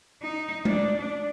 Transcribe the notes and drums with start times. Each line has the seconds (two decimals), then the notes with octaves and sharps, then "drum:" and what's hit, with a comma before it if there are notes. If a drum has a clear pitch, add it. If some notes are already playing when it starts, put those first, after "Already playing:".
0.22 D#4
0.65 D4, drum: tom G#3
0.99 D4